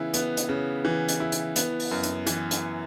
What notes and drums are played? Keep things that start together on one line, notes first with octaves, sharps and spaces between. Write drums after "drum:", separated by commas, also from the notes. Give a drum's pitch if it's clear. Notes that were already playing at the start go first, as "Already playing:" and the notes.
Already playing: C#3 E3 B3 E4
B3, drum: hi-hat
drum: hi-hat
C#3
E3
drum: hi-hat
E4
drum: hi-hat
B3, drum: hi-hat
drum: open hi-hat
F#2
drum: hi-hat
E3, drum: hi-hat
drum: hi-hat